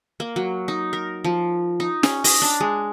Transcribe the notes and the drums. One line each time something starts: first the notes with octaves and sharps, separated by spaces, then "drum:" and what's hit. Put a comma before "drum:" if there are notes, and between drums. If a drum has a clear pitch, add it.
A#3
F#3
D#4
A#4
F3
D#4
C#4, drum: snare
D#5, drum: open hi-hat
D4
G#3